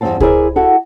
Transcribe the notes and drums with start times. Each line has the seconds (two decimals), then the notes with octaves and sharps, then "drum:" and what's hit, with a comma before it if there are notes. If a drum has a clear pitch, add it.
0.01 E2 G2 B3 C4 F5 A5
0.20 E4 G#4 A#4 C5 D5 E5, drum: kick C#2
0.56 E4 F#4 A4 F#5